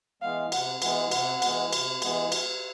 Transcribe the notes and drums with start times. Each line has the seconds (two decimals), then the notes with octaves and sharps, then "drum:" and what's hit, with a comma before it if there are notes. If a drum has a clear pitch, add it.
0.22 E3 G#3 B3 F5
0.52 C3 F#5, drum: cymbal
0.82 E3 G#3 B3 F#5, drum: cymbal
1.12 C3 F#5, drum: cymbal
1.42 E3 G#3 B3, drum: cymbal
1.73 C3, drum: cymbal
2.02 E3 G#3 B3, drum: cymbal
2.32 drum: cymbal